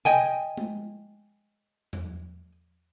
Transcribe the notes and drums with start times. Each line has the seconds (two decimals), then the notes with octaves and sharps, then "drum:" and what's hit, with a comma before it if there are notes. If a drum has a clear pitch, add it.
0.05 D#5 G5 G#5, drum: tom C3
0.57 drum: tom G#3
1.93 drum: tom E2